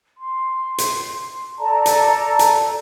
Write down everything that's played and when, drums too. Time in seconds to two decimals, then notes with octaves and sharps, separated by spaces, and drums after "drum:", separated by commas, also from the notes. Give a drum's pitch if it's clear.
0.18 C6
0.78 drum: hi-hat
1.59 A4 D5 A5 A#5
1.86 drum: hi-hat
2.39 drum: hi-hat